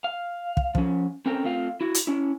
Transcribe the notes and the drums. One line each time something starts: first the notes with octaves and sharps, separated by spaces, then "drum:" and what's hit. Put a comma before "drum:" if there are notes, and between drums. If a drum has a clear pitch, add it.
F5
drum: kick
F3 C#4, drum: kick
C4 C#4 A4 A#4 G5 A#5
A3 C4 F4 F5
E4 F#4
drum: hi-hat
C#4 E4